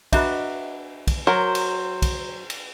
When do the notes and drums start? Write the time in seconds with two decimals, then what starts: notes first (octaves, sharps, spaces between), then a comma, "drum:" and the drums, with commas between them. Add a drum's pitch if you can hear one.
0.12 D4 F#4 B4 D#5 E5 A#5, drum: kick, cymbal
1.07 drum: kick, cymbal
1.27 F#3 A#4 C5
1.55 drum: cymbal
2.02 drum: kick, cymbal
2.50 drum: cymbal